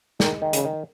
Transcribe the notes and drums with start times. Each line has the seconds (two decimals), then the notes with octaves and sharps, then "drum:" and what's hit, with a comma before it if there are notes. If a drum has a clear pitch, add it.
0.20 D#3 G#3, drum: snare
0.42 D#3
0.53 C#3, drum: hi-hat
0.65 D#3